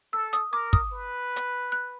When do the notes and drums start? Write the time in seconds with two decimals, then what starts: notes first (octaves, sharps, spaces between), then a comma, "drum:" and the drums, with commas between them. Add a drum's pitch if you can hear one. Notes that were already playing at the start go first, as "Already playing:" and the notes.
0.13 A4 E6
0.33 D#6, drum: hi-hat
0.52 A#4 D6
0.73 D#6, drum: kick
0.92 B4
1.36 drum: hi-hat
1.72 F#6